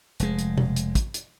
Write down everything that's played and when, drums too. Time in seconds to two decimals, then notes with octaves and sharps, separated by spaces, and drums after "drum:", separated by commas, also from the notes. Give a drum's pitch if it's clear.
0.20 F1 G#3, drum: hi-hat
0.39 drum: hi-hat
0.58 drum: tom B2
0.76 drum: hi-hat
0.95 drum: kick, hi-hat
1.14 drum: hi-hat